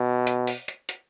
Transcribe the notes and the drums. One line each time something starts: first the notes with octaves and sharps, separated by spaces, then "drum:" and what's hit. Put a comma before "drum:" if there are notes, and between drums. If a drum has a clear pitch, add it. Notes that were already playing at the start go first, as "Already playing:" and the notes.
Already playing: B2
drum: hi-hat
drum: open hi-hat
drum: hi-hat
drum: hi-hat